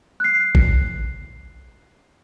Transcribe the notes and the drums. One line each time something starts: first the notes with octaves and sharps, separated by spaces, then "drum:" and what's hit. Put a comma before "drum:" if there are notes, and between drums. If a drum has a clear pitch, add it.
F#6 C7
drum: kick